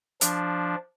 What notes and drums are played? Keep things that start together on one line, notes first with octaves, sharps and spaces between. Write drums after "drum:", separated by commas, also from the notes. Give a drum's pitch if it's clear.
F3 D4, drum: hi-hat